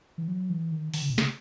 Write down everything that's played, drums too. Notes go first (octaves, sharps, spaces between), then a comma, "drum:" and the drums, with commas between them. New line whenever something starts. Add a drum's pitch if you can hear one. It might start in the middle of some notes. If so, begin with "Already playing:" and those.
E3
F#3
E3
D#3
D#3, drum: open hi-hat
C#3
B2
C#3, drum: snare